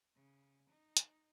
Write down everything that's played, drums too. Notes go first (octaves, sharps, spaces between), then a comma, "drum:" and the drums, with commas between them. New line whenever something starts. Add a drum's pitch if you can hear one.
C#3
D#4
drum: hi-hat